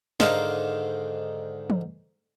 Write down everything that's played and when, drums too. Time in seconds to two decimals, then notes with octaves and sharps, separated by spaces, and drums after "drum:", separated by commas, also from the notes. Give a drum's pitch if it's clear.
0.20 G#2 D3 D#3 C5 D#5 F5, drum: snare
1.70 drum: tom E3